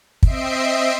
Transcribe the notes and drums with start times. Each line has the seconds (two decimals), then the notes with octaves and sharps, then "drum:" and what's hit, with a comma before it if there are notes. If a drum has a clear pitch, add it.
0.23 C4 D#5 E5 C7 D7, drum: kick